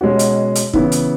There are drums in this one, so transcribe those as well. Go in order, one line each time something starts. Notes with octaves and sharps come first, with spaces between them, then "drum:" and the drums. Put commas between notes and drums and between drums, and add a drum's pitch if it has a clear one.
B2 G#3 C#4 F#4
drum: hi-hat
drum: hi-hat
C#3 E3 B3 E4, drum: kick
drum: hi-hat